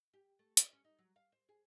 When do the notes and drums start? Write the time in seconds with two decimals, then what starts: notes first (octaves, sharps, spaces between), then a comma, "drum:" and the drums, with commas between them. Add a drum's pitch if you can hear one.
0.13 G4
0.39 A3
0.57 D5, drum: hi-hat
0.73 C#4
0.84 D#4
0.99 F#3
1.16 F5
1.32 C5
1.49 G#4